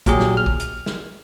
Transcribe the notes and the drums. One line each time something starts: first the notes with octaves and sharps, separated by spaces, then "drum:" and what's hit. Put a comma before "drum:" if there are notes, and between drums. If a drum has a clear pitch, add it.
A#2 F#3 G4 G#4, drum: kick, hi-hat
drum: snare
F6
drum: kick
drum: hi-hat
drum: snare